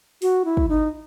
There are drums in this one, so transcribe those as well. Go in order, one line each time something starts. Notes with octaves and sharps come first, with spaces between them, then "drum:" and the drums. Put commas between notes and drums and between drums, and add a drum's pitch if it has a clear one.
F#4, drum: open hi-hat
E4
drum: kick
D#4